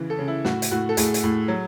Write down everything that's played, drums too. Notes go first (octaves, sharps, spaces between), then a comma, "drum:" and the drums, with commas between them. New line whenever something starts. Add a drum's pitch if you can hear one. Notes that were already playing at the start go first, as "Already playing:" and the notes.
Already playing: C#3 E3
A4
C#3
E4
A2 F#4, drum: snare
drum: hi-hat
A2 F#4
A4
A2 G#4, drum: hi-hat
drum: hi-hat
A2
F#3